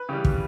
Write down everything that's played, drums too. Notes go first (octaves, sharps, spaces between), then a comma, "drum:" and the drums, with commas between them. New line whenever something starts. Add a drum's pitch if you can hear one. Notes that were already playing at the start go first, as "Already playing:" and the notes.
Already playing: B4
C#3 E3 G3 G4
drum: kick